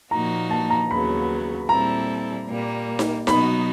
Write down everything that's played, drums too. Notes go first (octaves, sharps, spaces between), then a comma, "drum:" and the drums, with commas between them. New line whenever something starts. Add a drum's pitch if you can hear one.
A#2 F3 A#3 D#4 F#4 A#5
A5
A#5
D#2 C#3 F#3 B3 B5
A#2 G3 C4 E4 A4 A#5
A#2 G3 A#3
drum: snare D#4
B2 F#3 B3 D#4 F#4 B5, drum: snare D#4